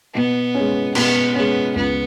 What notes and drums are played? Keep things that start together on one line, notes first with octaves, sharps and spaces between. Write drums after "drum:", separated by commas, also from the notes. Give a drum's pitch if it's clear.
B2 B3
C#4
G#3
B2 B3, drum: cymbal
G#3 B3 C#4
C#2 B3